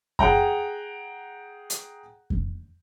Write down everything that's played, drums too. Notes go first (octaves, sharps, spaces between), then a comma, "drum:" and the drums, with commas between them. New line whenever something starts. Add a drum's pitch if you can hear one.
G#4 F#5 G5 A#5, drum: kick F2
drum: hi-hat
drum: kick F2